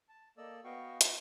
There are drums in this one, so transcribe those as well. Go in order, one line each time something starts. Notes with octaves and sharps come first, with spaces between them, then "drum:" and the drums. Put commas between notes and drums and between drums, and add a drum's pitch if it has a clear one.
A5
A#3 A4 D5 D#5 E6
B3 F#4 D#5 F5 G5 C#6
F#4 A#4 C#5 D5, drum: hi-hat